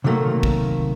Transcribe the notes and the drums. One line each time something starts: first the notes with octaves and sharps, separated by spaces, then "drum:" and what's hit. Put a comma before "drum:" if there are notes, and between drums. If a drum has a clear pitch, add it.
C3 D#3 F#3 A3 A#3
drum: kick